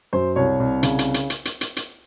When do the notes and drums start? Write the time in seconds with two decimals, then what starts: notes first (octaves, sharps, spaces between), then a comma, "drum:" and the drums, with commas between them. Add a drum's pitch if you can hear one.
0.13 F#2 C5
0.36 C2 C#5
0.60 C2
0.83 C#3, drum: hi-hat
0.99 drum: hi-hat
1.14 drum: hi-hat
1.30 drum: hi-hat
1.45 drum: hi-hat
1.61 drum: hi-hat
1.77 drum: hi-hat